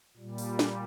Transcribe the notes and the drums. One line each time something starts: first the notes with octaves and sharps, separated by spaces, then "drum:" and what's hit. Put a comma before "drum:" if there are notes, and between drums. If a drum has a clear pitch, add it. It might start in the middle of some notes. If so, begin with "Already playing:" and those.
A#2 G3
drum: open hi-hat
drum: snare